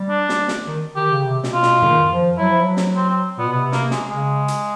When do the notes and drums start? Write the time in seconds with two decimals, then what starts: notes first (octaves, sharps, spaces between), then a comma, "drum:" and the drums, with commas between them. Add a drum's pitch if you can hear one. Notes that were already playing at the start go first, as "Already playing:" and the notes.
Already playing: G3
0.10 D4
0.29 drum: snare
0.48 drum: snare
0.67 D#3
0.96 D#3 G4
1.10 C#3
1.24 C3
1.44 B2, drum: snare
1.53 F4
1.63 B2, drum: snare
1.82 D#3, drum: tom
2.11 F3
2.38 F#3 E4
2.49 F3
2.61 F#3
2.77 drum: snare
2.96 C4
3.09 C4
3.38 A#2 B3
3.45 B2
3.53 C3 B3
3.72 A#3, drum: snare
3.91 G#3, drum: snare
4.10 C#3 G#3
4.48 drum: hi-hat